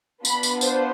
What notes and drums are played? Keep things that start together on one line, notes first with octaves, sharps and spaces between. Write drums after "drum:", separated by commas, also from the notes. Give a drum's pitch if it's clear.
B3 D4 F4 B5, drum: tambourine
drum: tambourine
C5, drum: tambourine